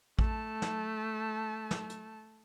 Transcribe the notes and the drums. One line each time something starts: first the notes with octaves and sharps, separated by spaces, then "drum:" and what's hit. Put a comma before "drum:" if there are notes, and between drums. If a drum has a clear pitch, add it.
A3 A5, drum: kick A1
drum: snare
drum: snare
drum: hi-hat